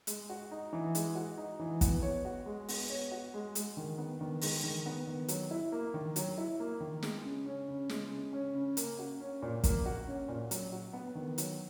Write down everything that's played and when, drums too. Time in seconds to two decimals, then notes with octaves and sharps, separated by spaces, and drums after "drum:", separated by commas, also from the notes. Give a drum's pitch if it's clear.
0.07 G#3, drum: hi-hat
0.30 F#4
0.51 D#4
0.73 E3
0.95 G#3, drum: hi-hat
1.15 F#4
1.38 D#4
1.60 E3
1.81 B3, drum: kick, hi-hat
2.02 C#5
2.25 F#4
2.46 G#3
2.68 B3, drum: open hi-hat
2.90 C#5
3.12 F#4
3.34 G#3
3.55 G#3, drum: hi-hat
3.77 D#3
3.98 B3
4.21 D#3
4.41 G#3, drum: open hi-hat
4.63 D#3
4.86 B3
5.07 D#3
5.28 F#3, drum: hi-hat
5.51 E4
5.72 A#3
5.94 D#3
6.16 F#3, drum: hi-hat
6.38 E4
6.60 A#3
6.80 D#3
7.02 G#3, drum: snare
7.24 C#3
7.46 C#4
7.68 C#3
7.89 G#3, drum: snare
8.12 C#3
8.33 C#4
8.54 C#3
8.77 A#3, drum: hi-hat
8.99 F#4
9.20 C#4
9.42 A#2
9.64 A#3, drum: kick, hi-hat
9.86 F#4
10.07 C#4
10.28 A#2
10.51 F#3, drum: hi-hat
10.72 F#4
10.93 B3
11.15 D#3
11.38 F#3, drum: hi-hat